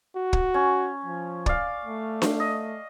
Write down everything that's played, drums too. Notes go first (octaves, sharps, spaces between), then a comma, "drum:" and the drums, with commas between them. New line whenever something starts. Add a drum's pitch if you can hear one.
F#4
drum: kick
C#4
F3
D5 F5, drum: kick
A3
drum: snare D4
D#5